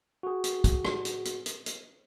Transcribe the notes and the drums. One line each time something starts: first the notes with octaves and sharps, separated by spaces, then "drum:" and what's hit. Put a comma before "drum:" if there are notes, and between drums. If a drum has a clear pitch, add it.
F#4 G#4
drum: hi-hat
drum: kick, hi-hat
drum: rim click
drum: hi-hat
drum: hi-hat
drum: hi-hat
drum: hi-hat